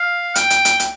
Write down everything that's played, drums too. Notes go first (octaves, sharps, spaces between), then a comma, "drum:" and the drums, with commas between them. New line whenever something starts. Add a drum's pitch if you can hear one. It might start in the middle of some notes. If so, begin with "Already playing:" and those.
Already playing: F5
G5, drum: hi-hat
drum: hi-hat
drum: hi-hat
drum: hi-hat